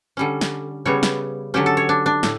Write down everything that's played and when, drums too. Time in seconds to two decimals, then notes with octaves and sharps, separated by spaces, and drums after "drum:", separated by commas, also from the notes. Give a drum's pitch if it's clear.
0.17 D3 G3 C#4
0.41 drum: snare
0.85 C#3 G3 B3 C#5
1.03 drum: snare
1.54 D3 F#3 C#4 G4
1.66 A4
1.77 C#5
1.89 D4
2.06 D4
2.23 A2, drum: snare